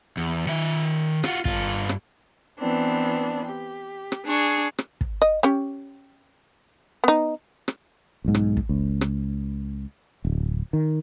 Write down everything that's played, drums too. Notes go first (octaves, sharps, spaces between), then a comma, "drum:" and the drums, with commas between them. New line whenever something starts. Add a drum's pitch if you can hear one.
E2
D#3 E5
F4 F#4, drum: rim click
G2 F4, drum: kick
drum: rim click
E3 B3 C4 D4
G4
drum: rim click
D4 G#4 C#6
drum: rim click
drum: kick
D#5
C#4 G4, drum: rim click
B3 D#4
drum: rim click
B1 G#2
drum: rim click
drum: kick
C#2
drum: rim click
D1
D#3